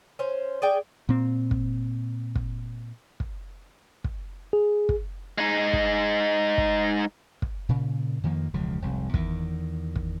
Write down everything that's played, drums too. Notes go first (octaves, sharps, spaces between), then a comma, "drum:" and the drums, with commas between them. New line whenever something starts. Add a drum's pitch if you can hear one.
C#4 C5
G#4 D5 G5
A#2 C4
drum: kick
drum: kick
drum: kick
drum: kick
G#4
drum: kick
G#3 D#4
drum: kick
drum: kick
drum: kick
A#2 C#3
F2 D#3 F3 A#3
E1 C#2 C#3 F3
F1 C2 G#2 C3
E2 D#3, drum: kick
drum: kick